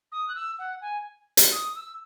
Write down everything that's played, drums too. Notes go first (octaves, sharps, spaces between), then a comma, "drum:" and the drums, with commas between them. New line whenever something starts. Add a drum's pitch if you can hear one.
D#6
F#6
E6
F#5
G#5
drum: hi-hat
D#6
E6